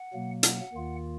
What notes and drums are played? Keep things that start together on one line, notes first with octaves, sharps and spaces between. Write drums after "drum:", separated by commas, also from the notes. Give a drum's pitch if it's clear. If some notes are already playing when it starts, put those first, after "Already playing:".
Already playing: F#5
B2 F#3 A#3
F#5, drum: hi-hat
D#2 D#3 A#3 F4